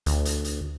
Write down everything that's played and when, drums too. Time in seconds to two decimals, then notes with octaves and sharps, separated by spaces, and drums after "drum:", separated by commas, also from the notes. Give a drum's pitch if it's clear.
0.06 D2, drum: hi-hat
0.25 drum: hi-hat
0.44 drum: hi-hat